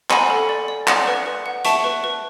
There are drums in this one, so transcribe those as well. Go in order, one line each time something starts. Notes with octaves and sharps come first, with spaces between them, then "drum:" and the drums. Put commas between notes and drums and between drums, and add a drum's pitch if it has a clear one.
F#5 G#5 B5, drum: clap
A4
D5
D5
F#5, drum: clap
B4
B4
F#5
E5 A5 C#6, drum: hi-hat
B4
B4